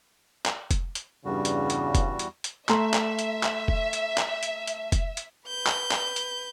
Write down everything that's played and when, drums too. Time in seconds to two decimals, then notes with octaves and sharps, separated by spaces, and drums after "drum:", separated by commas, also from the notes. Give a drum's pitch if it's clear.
0.46 drum: clap
0.71 drum: kick F1, hi-hat
0.95 drum: hi-hat
1.25 E2 G2 C#3 G3 F#4
1.45 drum: hi-hat
1.70 drum: hi-hat
1.95 drum: kick F1, hi-hat
2.19 drum: hi-hat
2.44 drum: hi-hat
2.69 A3 E5 A#5 C6, drum: clap
2.94 drum: clap
3.19 drum: hi-hat
3.43 drum: clap
3.68 drum: kick F1
3.93 drum: hi-hat
4.18 drum: clap
4.43 drum: hi-hat
4.67 drum: hi-hat
4.92 drum: kick F1, hi-hat
5.17 drum: hi-hat
5.48 B4 G6
5.67 drum: clap
5.91 drum: clap
6.16 drum: hi-hat